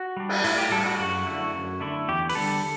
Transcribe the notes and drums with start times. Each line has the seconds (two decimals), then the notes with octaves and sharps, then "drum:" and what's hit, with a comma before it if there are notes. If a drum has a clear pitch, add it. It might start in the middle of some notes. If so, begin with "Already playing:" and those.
Already playing: F#4
0.17 G3 D4
0.29 drum: cymbal
0.44 A2 E4, drum: open hi-hat
0.58 G4
0.72 G3 D4 A4
0.86 F#4
0.99 F#2 F#4
1.26 D3 A3 E4
1.54 F#2
1.81 D3 A3 E4
2.08 E2 G4
2.29 B4, drum: open hi-hat
2.35 D3 G3 D4 A4